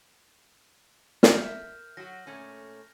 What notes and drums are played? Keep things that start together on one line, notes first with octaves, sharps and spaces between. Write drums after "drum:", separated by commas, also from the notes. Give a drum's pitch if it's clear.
F6 G6, drum: snare
A#4 E5
F#3 F#4 A#6
A#2 A3 C#4